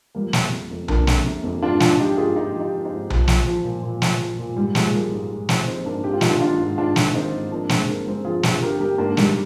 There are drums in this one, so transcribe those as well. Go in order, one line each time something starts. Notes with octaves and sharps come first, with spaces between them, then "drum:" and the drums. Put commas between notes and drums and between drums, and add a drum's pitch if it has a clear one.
F3 G3 A#3
F2, drum: snare
C3
F2
F3 A#3 D4, drum: tom B1
F2, drum: snare
C3
F2
G#2 D4 F4
F3 D4 F4, drum: snare
F3 D#4 G4
G#2 F4 G#4
G#2 D#4 G4
F3 F4
D#4 G4
F3
C4 D#4
G#2
A#2 F3, drum: tom B1
F3, drum: snare
F3
A#2
A#2
F3, drum: snare
F3
A#2
G#2 G3
F3 G#3, drum: snare
F3 G3 A#3
G#2
G#2
F3 C4 D#4, drum: snare
F3 C4 D#4
G#2 A#3 D4
G#2 G4
F4
D#3 D#4, drum: snare
D4 F4
D#3 D4 F4
G#2
G#2 D4 F4
D#3, drum: snare
D#3 C4 D#4
G#2
F3 A#3 D4
G2 G#3 C4, drum: snare
D3 A#3 D4
G2 G#3 C4
F3 F4 G#4
G2 F4 G#4, drum: snare
D3 G4 A#4
G2 G4 A#4
G#2 A#3 D4
D#3 G3, drum: snare